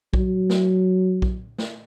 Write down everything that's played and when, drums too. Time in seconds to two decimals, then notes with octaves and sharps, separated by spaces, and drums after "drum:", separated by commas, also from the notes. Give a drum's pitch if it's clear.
0.13 F#3, drum: kick A#1
0.50 drum: snare
1.22 drum: kick A#1
1.59 drum: snare